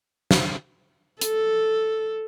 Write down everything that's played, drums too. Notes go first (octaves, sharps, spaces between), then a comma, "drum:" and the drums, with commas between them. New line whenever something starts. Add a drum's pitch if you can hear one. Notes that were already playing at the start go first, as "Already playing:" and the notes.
drum: snare
A4, drum: hi-hat